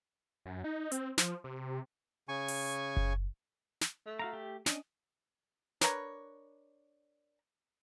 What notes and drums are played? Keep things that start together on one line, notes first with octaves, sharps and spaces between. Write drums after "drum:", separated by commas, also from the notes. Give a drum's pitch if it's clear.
F#2
D#4
C4, drum: hi-hat
F3, drum: snare
C3
C#3 G#5 C#6
drum: open hi-hat
drum: kick F#1
drum: snare
A3
F#4 F5 A#5
G4
C#4 D4 D#5, drum: snare
D4 A#4 B4 C#5, drum: snare